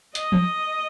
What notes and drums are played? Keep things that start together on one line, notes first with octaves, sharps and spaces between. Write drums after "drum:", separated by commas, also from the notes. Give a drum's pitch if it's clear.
D#5, drum: hi-hat
drum: tom